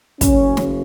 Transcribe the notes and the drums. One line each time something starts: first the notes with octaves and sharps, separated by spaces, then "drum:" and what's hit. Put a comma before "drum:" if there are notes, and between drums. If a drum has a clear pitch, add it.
F#1 F#2 C#3 C#4, drum: kick, hi-hat
drum: snare